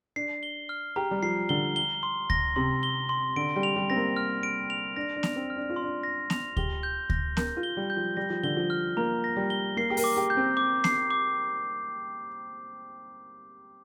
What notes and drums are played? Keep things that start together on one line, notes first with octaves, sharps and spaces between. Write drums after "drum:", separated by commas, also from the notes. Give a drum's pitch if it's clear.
D4 C7
G7
F6
G4 A#5
G3
F3 C7
D3 G7
G7
C6
A#6, drum: kick D2
C3 C6
G7
C6
D3 D7
G3
F7
G3
C4 A#6
A#3
F6
D7
F7
D4 A#6
D4
F7, drum: snare B3
C4
F6
D4
F4
C6
D4
A#6
F7, drum: snare B3
G4 G7, drum: kick D2
G6
A#6, drum: kick D2
A#4 G6, drum: snare B3
F4
G7
G3
G6
F3
G3 A#6
F3
D3 G7
F3
F6
A#3 A#5
A#6
G3
G7
A#3 C7
G4
A#4, drum: open hi-hat
D6
G4
G6
C4
D6
C7, drum: snare B3
D6